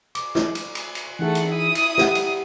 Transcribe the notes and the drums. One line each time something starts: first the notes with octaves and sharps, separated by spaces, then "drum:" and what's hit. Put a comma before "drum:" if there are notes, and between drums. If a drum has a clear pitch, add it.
D6, drum: cymbal
drum: snare
drum: cymbal
drum: cymbal
drum: cymbal
E3 A3 D#4 G#4 F#5
drum: cymbal
E4 D#6
drum: cymbal
G4 E5 F#5, drum: snare
drum: cymbal